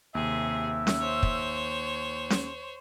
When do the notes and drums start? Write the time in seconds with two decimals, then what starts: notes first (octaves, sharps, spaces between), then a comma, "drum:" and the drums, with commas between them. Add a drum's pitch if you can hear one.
0.15 D#2 C3 G#4 E5
0.87 drum: snare C#4
1.00 C5 C#5
1.23 drum: kick
2.30 drum: snare C#4